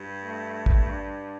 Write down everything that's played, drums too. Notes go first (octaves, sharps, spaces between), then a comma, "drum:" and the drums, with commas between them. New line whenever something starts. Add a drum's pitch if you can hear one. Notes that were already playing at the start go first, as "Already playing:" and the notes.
Already playing: G2
A3
drum: kick
D4